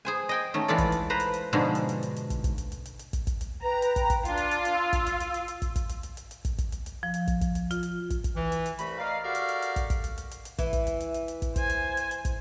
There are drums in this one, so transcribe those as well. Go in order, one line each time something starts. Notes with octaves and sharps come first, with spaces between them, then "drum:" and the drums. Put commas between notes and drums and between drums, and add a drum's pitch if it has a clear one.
G#4 C5 G#5
D#5 G5 G#5
D#3 A3 C#4
E3 G#3 F4 A4 D5
drum: kick, hi-hat
drum: hi-hat
B4 C5 A#5
drum: hi-hat
drum: hi-hat
G#2 B2 D3 F3 G#3
drum: hi-hat
drum: hi-hat
drum: hi-hat
drum: hi-hat
drum: kick, hi-hat
drum: kick, hi-hat
drum: hi-hat
drum: hi-hat
drum: hi-hat
drum: hi-hat
drum: kick, hi-hat
drum: kick, hi-hat
drum: hi-hat
B4 G5 A#5
drum: hi-hat
drum: kick, hi-hat
drum: kick, hi-hat
D4 F4, drum: hi-hat
drum: hi-hat
drum: hi-hat
drum: hi-hat
E6
drum: kick, hi-hat
drum: hi-hat
drum: hi-hat
drum: hi-hat
drum: hi-hat
drum: kick, hi-hat
drum: kick, hi-hat
drum: hi-hat
drum: hi-hat
drum: hi-hat
drum: hi-hat
drum: kick, hi-hat
drum: kick, hi-hat
drum: hi-hat
drum: hi-hat
F3
drum: hi-hat
drum: kick, hi-hat
drum: kick, hi-hat
drum: hi-hat
F4, drum: hi-hat
drum: hi-hat
drum: kick, hi-hat
drum: kick, hi-hat
E3
drum: hi-hat
drum: hi-hat
C2 A3 F#4 B5, drum: hi-hat
A#4 D5 D#5 F5
F#4 G4 A4 A#4 D5 F5
drum: hi-hat
drum: hi-hat
drum: hi-hat
drum: kick, hi-hat
drum: kick, hi-hat
drum: hi-hat
drum: hi-hat
drum: hi-hat
drum: hi-hat
E3, drum: kick, hi-hat
drum: kick, hi-hat
drum: hi-hat
drum: hi-hat
drum: hi-hat
drum: hi-hat
drum: kick, hi-hat
C5 G#5, drum: kick, hi-hat
drum: hi-hat
drum: hi-hat
drum: hi-hat
drum: kick, hi-hat